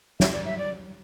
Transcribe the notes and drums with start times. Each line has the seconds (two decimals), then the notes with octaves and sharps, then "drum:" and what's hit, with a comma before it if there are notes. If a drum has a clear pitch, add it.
0.20 E5, drum: snare
0.33 D5
0.45 E5
0.58 D5